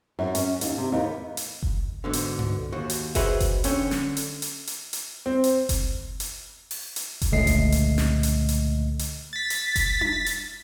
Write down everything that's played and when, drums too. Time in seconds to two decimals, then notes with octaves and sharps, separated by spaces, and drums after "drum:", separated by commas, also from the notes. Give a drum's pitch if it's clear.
0.19 F#2
0.35 C#4, drum: hi-hat
0.61 D#2, drum: hi-hat
0.78 C3
0.92 D#2
1.04 B3
1.37 drum: hi-hat
1.63 drum: kick F#1
2.04 G#2 B2 D3
2.13 drum: hi-hat
2.39 drum: tom G2
2.72 D#2 F#4
2.90 drum: hi-hat
3.15 F#4 G#4 B4 C5 D#5 E5, drum: kick F#1, hi-hat
3.40 drum: kick F#1, hi-hat
3.64 D3 C#4 G5, drum: hi-hat
3.91 drum: snare
4.17 drum: hi-hat
4.42 drum: hi-hat
4.67 drum: hi-hat
4.93 drum: hi-hat
5.26 C4
5.44 drum: hi-hat
5.69 drum: kick F#1, hi-hat
6.20 drum: hi-hat
6.71 drum: open hi-hat
6.96 drum: hi-hat
7.22 drum: kick F#1, hi-hat
7.32 C#2 A#2 D3 A3 D#5 C7
7.47 drum: kick F#1, hi-hat
7.72 drum: hi-hat
7.98 drum: snare
8.23 drum: hi-hat
8.49 drum: hi-hat
8.99 drum: hi-hat
9.33 A6 B6
9.50 drum: hi-hat
9.76 drum: kick F#1, hi-hat
10.01 drum: tom D4
10.26 drum: hi-hat